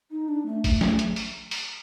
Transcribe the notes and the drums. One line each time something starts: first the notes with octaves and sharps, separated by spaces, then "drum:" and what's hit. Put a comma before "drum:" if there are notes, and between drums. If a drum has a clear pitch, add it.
D#4
D4
A3
A3, drum: kick, open hi-hat
A3, drum: snare
drum: hi-hat
drum: open hi-hat
drum: open hi-hat